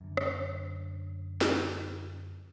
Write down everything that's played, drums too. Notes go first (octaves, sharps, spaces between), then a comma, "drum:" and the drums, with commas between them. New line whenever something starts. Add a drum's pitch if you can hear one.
F#2 D3
drum: rim click
drum: snare